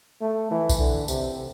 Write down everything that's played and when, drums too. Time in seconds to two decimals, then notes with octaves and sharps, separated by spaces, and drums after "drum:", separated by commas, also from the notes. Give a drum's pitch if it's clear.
0.21 A3
0.51 E3
0.69 drum: kick B1, tambourine
0.79 D3
1.08 C3, drum: tambourine